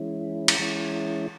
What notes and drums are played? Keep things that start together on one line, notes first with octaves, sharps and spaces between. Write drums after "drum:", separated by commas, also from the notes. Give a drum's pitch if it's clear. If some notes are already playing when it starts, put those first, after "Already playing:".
Already playing: E3 G#3 C#4 E4
drum: cymbal
E3 G#3 C#4 E4